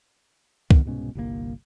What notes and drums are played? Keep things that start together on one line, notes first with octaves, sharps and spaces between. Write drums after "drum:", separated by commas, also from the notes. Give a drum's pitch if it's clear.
A2 D#3 B3, drum: kick
C2 G#2 B2 C#4
G1 C2 C3 A#3